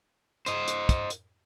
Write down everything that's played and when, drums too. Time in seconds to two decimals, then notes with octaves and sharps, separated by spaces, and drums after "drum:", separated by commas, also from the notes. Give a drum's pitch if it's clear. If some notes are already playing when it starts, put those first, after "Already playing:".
0.46 C5 D#5, drum: hi-hat
0.68 drum: hi-hat
0.89 drum: kick, hi-hat
1.10 drum: hi-hat